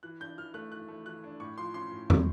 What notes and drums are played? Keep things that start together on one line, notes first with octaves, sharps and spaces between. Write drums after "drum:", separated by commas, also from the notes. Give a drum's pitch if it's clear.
E3 F#6
D4 G6
E3 F6
A3 F#6
E3 F#6
A3
E3 F#6
D4
A2 C#6
F3 C6
C#4 C6
A2
A2, drum: tom